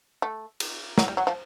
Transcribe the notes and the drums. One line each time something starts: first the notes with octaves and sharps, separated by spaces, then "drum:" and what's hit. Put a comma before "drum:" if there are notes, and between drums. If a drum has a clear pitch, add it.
A3
drum: cymbal
F#3, drum: snare
G3
F#3
F3